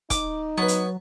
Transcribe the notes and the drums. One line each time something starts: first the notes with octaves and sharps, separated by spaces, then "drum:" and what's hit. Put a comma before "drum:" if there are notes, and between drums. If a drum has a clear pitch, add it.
D#4 D6, drum: kick E1, hi-hat
F#3 B3 B4 C#5
drum: hi-hat